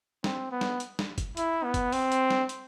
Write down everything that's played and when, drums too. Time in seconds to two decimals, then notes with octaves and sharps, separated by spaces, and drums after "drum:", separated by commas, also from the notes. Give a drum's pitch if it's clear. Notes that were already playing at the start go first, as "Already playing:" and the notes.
0.24 C4, drum: snare
0.51 B3
0.61 drum: snare
0.80 drum: hi-hat
0.99 drum: snare
1.18 drum: kick F#1, hi-hat
1.37 E4, drum: hi-hat
1.64 B3
1.74 drum: kick F#1, hi-hat
1.92 C4, drum: open hi-hat
2.12 drum: hi-hat
2.30 drum: snare
2.49 drum: hi-hat